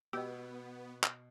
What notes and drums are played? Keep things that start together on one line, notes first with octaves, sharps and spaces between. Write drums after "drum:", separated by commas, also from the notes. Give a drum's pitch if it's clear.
B2 B3 G4 D#5 E6
drum: clap